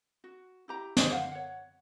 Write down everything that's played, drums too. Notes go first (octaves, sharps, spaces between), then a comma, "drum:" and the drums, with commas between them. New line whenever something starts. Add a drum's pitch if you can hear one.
F#4
E4 G4 A#5
G4 G#4, drum: snare
C5 F5 F#5
C#5 F#5